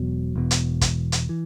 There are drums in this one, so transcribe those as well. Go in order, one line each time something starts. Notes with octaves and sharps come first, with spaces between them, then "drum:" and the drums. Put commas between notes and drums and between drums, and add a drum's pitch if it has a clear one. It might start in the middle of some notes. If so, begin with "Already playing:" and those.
Already playing: E1 E2 B2 F#3
E1 E2 B2
drum: hi-hat
drum: kick, hi-hat
drum: hi-hat
E3